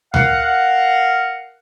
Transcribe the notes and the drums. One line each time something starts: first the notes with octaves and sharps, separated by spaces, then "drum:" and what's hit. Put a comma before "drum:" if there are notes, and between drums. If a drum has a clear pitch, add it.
A#4 F5 F#5, drum: tom D2